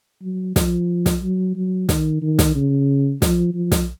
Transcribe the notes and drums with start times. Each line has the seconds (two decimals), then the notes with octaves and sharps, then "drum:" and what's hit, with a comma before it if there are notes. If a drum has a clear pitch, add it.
0.22 F#3
0.56 F3, drum: snare
1.06 drum: snare
1.23 F#3
1.56 F#3
1.89 D#3, drum: snare
2.22 D#3
2.39 drum: snare
2.56 C#3
3.22 F3, drum: snare
3.54 F3
3.72 drum: snare